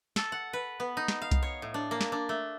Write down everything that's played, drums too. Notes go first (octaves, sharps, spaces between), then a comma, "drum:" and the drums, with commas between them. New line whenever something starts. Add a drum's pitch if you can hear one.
A4, drum: snare
F#5
B4
B3
D#4
drum: snare
F5
drum: kick C2, hi-hat
C#5
A2
D4
A#3
drum: snare
D4
A3